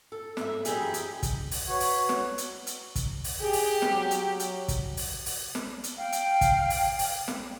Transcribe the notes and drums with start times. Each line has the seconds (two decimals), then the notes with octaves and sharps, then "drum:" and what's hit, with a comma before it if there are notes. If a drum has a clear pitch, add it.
0.12 A4
0.37 G#2 E5, drum: snare
0.65 F#2 E3 G4 G#4 D#5, drum: hi-hat
0.94 G4, drum: hi-hat
1.23 drum: kick, hi-hat
1.51 drum: open hi-hat
1.68 F#4 B4 C#5
1.80 drum: open hi-hat
2.09 drum: snare
2.38 drum: hi-hat
2.67 drum: hi-hat
2.95 drum: kick, hi-hat
3.24 drum: open hi-hat
3.41 G4 G#4
3.53 drum: open hi-hat
3.82 drum: snare
3.92 F#3
4.11 drum: hi-hat
4.40 drum: hi-hat
4.68 drum: kick, hi-hat
4.97 drum: open hi-hat
5.26 drum: open hi-hat
5.55 drum: snare
5.84 drum: hi-hat
5.98 F5 G5
6.12 drum: hi-hat
6.41 drum: kick, hi-hat
6.70 drum: open hi-hat
6.99 drum: open hi-hat
7.28 drum: snare